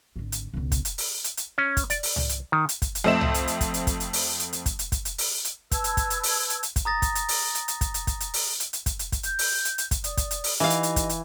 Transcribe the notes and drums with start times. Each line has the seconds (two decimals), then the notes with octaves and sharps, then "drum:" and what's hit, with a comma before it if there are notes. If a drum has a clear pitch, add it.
0.16 G#1 D3
0.32 drum: hi-hat
0.54 E1 C#2
0.72 drum: kick, hi-hat
0.85 drum: hi-hat
0.98 drum: open hi-hat
1.24 drum: hi-hat
1.37 drum: hi-hat
1.58 C#4
1.77 drum: kick, hi-hat
1.90 D5, drum: hi-hat
2.03 drum: open hi-hat
2.16 drum: tom C2
2.29 drum: hi-hat
2.52 D#3
2.69 drum: hi-hat
2.82 drum: kick, hi-hat
2.95 drum: hi-hat
3.04 F2 A3 C4 E5 E7
3.21 drum: tom C2
3.34 drum: hi-hat
3.47 drum: hi-hat
3.61 drum: kick, hi-hat
3.74 drum: hi-hat
3.87 drum: kick, hi-hat
4.00 drum: hi-hat
4.13 drum: open hi-hat
4.39 drum: hi-hat
4.53 drum: hi-hat
4.66 drum: kick, hi-hat
4.79 drum: hi-hat
4.92 drum: kick, hi-hat
5.05 drum: hi-hat
5.18 drum: open hi-hat
5.45 drum: hi-hat
5.72 B4 A5 E6 G#6, drum: kick, hi-hat
5.84 drum: hi-hat
5.97 drum: kick, hi-hat
6.10 drum: hi-hat
6.23 drum: open hi-hat
6.50 drum: hi-hat
6.63 drum: hi-hat
6.76 drum: kick, hi-hat
6.85 A#5 D#6 A6 A#6
7.02 drum: kick, hi-hat
7.15 drum: hi-hat
7.28 drum: open hi-hat
7.55 drum: hi-hat
7.68 drum: hi-hat
7.81 drum: kick, hi-hat
7.94 drum: hi-hat
8.07 drum: kick, hi-hat
8.20 drum: hi-hat
8.34 drum: open hi-hat
8.60 drum: hi-hat
8.73 drum: hi-hat
8.86 drum: kick, hi-hat
8.99 drum: hi-hat
9.12 drum: kick, hi-hat
9.23 G6, drum: hi-hat
9.39 drum: open hi-hat
9.65 drum: hi-hat
9.78 drum: hi-hat
9.91 drum: kick, hi-hat
10.04 D5 D#6, drum: hi-hat
10.17 drum: kick, hi-hat
10.31 drum: hi-hat
10.44 drum: open hi-hat
10.60 E3 D#4 G4 D#5 F5
10.70 drum: hi-hat
10.83 drum: hi-hat
10.96 drum: kick, hi-hat
11.09 drum: hi-hat